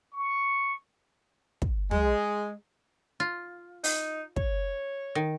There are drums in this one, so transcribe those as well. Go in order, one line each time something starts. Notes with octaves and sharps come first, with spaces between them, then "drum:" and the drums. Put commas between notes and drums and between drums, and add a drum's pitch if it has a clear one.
C#6
drum: kick
G#3, drum: tom
F4
D#4, drum: open hi-hat
C#5, drum: kick
D#3